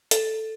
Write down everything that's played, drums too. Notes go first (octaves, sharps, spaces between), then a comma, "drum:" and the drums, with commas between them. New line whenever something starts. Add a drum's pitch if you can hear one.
A4, drum: hi-hat